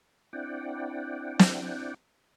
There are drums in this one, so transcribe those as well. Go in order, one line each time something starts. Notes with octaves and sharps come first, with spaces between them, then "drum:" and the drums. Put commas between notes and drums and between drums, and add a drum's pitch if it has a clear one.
C4 D4 E4 D5 F#5 G5
drum: snare